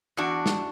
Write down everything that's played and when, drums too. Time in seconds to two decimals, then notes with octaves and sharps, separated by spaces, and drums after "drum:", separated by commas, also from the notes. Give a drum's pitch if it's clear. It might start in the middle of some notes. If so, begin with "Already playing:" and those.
0.17 E2 D4 F#4
0.46 drum: snare